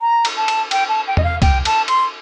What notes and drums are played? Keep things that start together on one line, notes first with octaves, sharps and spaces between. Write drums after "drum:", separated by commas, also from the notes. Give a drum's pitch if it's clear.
A#5
drum: cymbal
A5
drum: cymbal
G5, drum: cymbal
A5
G5
D#5, drum: tom E2
F5
G5, drum: kick C2, cymbal
A5, drum: cymbal
C6, drum: cymbal